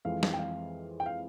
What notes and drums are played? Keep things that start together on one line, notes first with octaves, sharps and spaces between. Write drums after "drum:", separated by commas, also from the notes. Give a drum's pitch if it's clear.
F2 E3 G#3 C4 F5
drum: snare
G5
F5
G5
F5